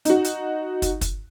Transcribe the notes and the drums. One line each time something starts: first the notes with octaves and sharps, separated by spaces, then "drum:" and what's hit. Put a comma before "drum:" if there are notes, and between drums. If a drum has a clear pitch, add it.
D#4 F#4, drum: hi-hat
drum: hi-hat
drum: kick, hi-hat
drum: kick, hi-hat